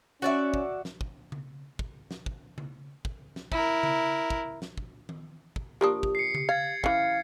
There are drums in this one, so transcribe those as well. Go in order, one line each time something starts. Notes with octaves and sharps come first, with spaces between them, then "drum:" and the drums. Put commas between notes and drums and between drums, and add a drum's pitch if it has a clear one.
C#4 F#4 D5 E5
drum: kick
drum: snare
drum: kick
drum: tom C#3
drum: kick
drum: snare
drum: kick
drum: tom C#3
drum: kick
drum: snare
E4 A#4, drum: kick
drum: tom C#3
drum: kick
drum: snare
drum: kick
drum: tom D#3
drum: kick
F3 A#3 D4 G4 D#6
drum: kick
C7 C#7
drum: tom C#3
F5 G#6 A6
E3 C#4 F5, drum: kick